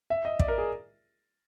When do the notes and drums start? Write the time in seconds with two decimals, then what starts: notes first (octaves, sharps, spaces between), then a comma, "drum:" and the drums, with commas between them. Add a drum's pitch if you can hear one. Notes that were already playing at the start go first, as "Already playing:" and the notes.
0.10 E5
0.25 D#5
0.39 D5, drum: kick
0.48 A#4
0.58 G#4